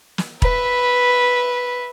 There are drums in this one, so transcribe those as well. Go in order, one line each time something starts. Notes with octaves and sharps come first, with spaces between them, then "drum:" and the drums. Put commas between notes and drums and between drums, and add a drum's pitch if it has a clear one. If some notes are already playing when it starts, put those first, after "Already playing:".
drum: snare
B4 E5, drum: kick E1